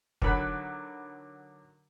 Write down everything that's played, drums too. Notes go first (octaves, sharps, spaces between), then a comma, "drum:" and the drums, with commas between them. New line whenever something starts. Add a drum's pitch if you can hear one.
D3 D#3 F#3 F#5 B5 F#6, drum: kick